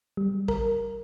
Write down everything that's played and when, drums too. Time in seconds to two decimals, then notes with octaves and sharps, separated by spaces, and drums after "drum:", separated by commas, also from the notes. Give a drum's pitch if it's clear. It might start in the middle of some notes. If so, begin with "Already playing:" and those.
0.17 G3
0.48 A#4, drum: kick